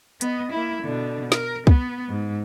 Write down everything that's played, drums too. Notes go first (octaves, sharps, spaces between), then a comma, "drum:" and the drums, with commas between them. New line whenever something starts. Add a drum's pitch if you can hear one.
B3 D#5, drum: hi-hat
A#3 E4
B2 D3
A#4, drum: snare
B3, drum: kick
G#2